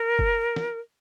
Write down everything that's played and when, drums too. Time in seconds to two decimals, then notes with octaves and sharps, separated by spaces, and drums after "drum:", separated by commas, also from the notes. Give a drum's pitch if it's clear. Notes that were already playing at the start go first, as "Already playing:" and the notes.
Already playing: A#4
0.19 drum: kick F#1
0.56 drum: snare